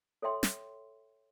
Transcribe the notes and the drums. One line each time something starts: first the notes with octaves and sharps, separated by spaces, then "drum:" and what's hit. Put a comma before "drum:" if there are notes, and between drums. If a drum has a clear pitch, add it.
A4 C#5 E5 G5 C6
drum: snare